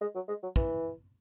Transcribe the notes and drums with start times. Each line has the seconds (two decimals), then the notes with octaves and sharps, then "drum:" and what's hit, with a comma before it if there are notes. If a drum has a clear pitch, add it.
0.01 G#3
0.15 F#3
0.28 G#3
0.43 F#3
0.56 E3, drum: kick